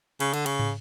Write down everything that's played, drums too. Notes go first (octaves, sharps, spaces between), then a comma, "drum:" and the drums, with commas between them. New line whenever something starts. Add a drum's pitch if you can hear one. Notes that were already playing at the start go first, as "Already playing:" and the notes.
C#3, drum: cymbal
D3, drum: cymbal
C#3, drum: cymbal
drum: tom